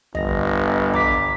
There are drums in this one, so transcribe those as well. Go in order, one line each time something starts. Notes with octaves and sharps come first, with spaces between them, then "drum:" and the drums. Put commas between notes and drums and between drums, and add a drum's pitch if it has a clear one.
G1 D#5 A#6, drum: tom
A#5 D6 B6, drum: tom